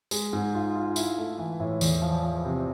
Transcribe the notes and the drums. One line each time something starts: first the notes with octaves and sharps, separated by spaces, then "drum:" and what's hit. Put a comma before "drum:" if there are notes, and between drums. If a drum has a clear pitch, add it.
G#3, drum: tambourine
G#2
F4
F4
E4, drum: tambourine
A3
E3
A2
E2, drum: tambourine
F3
F3
C3